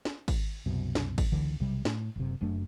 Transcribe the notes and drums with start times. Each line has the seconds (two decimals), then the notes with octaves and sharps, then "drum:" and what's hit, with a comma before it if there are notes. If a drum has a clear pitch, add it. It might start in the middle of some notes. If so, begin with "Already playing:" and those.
0.05 drum: snare
0.28 drum: kick G#1, cymbal
0.66 C2 F#2 B2
0.95 drum: snare
1.18 drum: kick G#1, cymbal
1.32 C#2 D3 E3
1.60 B1 C3 G3
1.85 A2, drum: snare
2.16 F#1 C3
2.41 F#1 F#2 A3 D4